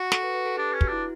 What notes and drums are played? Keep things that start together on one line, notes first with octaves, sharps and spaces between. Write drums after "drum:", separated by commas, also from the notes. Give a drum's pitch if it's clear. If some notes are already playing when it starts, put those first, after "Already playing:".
Already playing: F#4
A4, drum: snare
B4
B4
A4
D4 G4
C#4 B4
F#4, drum: kick
D4 E4